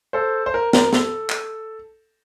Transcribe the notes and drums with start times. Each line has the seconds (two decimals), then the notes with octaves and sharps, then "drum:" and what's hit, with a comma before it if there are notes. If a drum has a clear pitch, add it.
0.13 A4 C5
0.46 C5
0.54 A#4
0.73 A#4, drum: snare
0.93 A4, drum: snare
1.30 drum: clap